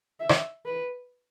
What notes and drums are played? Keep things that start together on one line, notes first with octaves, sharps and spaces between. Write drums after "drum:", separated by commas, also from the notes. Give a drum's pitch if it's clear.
E5
drum: rim click
B4